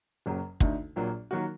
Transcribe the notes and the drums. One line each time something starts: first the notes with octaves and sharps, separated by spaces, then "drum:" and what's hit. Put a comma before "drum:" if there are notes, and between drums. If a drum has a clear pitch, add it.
F#1 F#2 F#3 A#3
D2 D3 A3 D#4, drum: kick
A#1 A#2 F#3 A#3
D#3 F#3 A#3 F#4